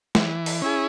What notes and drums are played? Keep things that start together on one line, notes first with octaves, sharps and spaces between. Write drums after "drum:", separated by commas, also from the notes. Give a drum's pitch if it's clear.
E3, drum: snare
drum: open hi-hat
C#4 E4 G#4